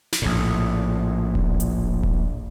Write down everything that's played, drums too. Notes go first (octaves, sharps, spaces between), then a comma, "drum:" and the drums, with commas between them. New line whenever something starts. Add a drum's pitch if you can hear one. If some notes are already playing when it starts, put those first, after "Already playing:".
drum: snare
A#1 A2
drum: kick D#1
drum: hi-hat
drum: kick D#1